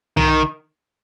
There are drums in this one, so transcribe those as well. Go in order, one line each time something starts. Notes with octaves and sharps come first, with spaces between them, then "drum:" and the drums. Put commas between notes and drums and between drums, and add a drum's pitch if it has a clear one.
D#3, drum: tom